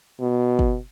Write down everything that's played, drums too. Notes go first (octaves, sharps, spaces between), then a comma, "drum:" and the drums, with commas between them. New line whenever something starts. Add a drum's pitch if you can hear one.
B2
drum: kick